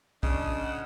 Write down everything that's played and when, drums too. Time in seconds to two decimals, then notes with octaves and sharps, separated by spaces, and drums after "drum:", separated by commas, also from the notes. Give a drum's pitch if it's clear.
0.23 C#3 D4 D#5, drum: kick
0.62 F#5